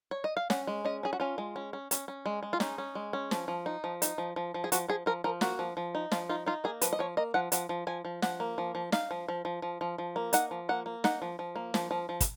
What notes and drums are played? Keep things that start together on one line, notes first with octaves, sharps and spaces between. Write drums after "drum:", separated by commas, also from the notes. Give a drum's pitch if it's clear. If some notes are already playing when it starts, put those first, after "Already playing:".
C#5
D#5
F5
C#4 F#5, drum: snare
G#3
C#4 D#5
C#4 G#4
F#4
C#4 F4
G#3
C#4
C#4
C#4, drum: hi-hat
C#4
G#3
G#3
F4
C#4 D#4, drum: snare
C#4
G#3
C#4
F3, drum: snare
F3
D#4
F3
D#4, drum: hi-hat
F3
F3
F3
G#4
F3 F#4, drum: hi-hat
F3 G#4
F3 A#4
F3 A#4
A#3 F#4, drum: snare
F3
F3
D#4
F3 F4, drum: snare
D#4 F4
D#4 F4
A#3 G#4
F3 B4, drum: hi-hat
D#5
F3 C#5
A#3 D#5
F3 F#5
F3 F#5, drum: hi-hat
F3
F3 G#5
F3
F3 F#5, drum: snare
A#3
F3
F3
D#4 F5, drum: snare
F3
F3
F3
F3
F3
F3
A#3
D#4 F#5, drum: hi-hat
F3
A#3 F#5
A#3
D#4 F#5, drum: snare
F3
F3
A#3
F3, drum: snare
F3
F3
drum: kick, hi-hat